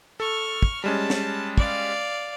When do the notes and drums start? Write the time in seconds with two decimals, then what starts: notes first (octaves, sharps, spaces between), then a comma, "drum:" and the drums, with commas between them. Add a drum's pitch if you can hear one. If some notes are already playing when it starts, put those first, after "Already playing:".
0.20 A4 C#6 F6
0.63 drum: kick
0.84 G3 G#3 C#4 A5
1.10 drum: snare
1.58 D5 F5, drum: kick